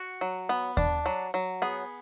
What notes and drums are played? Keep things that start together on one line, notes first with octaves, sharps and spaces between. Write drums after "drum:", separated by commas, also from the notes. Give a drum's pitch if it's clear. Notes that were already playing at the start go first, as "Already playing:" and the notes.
Already playing: F#4
F#3
B3
D4, drum: kick D#2
F#3
F#3
B3 G#4